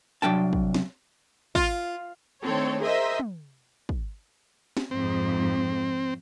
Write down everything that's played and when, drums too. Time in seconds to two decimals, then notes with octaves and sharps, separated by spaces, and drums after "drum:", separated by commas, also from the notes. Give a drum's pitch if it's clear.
0.22 C2 F#3 D4 G5 A5
0.53 drum: kick
0.74 drum: snare
1.55 F4, drum: kick
2.43 D#3 A3 C4 D4 A4 C#5
2.80 G#4 A#4 C5 D#5 E5
3.20 drum: tom
3.89 drum: kick
4.77 drum: snare
4.91 F2 G#2 C4